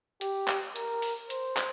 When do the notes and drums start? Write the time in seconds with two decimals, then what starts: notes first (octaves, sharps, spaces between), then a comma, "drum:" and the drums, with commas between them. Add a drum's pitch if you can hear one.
0.21 G4, drum: hi-hat
0.48 drum: clap
0.76 A#4, drum: hi-hat
1.02 drum: open hi-hat
1.30 C5, drum: hi-hat
1.57 drum: clap